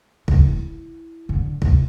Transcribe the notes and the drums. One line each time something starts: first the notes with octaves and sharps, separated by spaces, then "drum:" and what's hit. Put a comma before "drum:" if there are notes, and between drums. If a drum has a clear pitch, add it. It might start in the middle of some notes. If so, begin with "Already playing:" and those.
C#3, drum: kick
E4
D3
C3, drum: kick